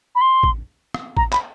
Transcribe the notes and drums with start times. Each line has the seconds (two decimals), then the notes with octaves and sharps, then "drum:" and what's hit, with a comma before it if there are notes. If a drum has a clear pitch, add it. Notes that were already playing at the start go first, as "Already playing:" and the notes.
0.15 B5
0.21 C6
0.43 drum: kick A1
0.94 drum: rim click
1.17 A#5, drum: kick A1
1.32 B5, drum: clap